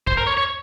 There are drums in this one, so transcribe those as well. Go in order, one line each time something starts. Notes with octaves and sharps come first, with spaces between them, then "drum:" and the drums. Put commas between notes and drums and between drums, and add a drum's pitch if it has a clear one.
C5, drum: kick
A#4
C#5
C#5